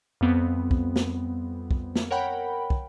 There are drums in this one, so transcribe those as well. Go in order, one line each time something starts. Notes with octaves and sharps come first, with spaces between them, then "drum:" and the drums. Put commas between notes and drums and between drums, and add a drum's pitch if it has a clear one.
F2 G3 B3 C4
drum: kick
drum: snare
drum: kick
drum: snare
A#4 C#5 F#5 G5 B5
drum: kick